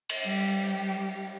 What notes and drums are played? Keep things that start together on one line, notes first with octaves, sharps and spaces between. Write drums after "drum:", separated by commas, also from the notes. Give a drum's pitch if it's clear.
drum: cymbal
G3 G4